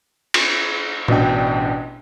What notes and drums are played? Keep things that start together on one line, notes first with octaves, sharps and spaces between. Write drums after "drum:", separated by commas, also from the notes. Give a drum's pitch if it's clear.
drum: cymbal
A1 B2 D4 D#5 G5, drum: tom A2